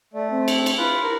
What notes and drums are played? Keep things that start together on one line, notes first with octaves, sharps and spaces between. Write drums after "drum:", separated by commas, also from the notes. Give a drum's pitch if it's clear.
A3 D5
C4
drum: cymbal
drum: cymbal
E4 F4 B4
A#4